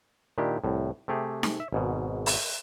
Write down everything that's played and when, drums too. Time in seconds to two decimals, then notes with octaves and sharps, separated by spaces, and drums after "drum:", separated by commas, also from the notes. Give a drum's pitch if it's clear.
0.38 A#2 D#3 D4 E4 G4
0.64 C2 A2
1.08 C3 A3 G4 G#4
1.43 drum: snare D#4
1.60 E5
1.73 G#1 G#2 B2
2.26 drum: open hi-hat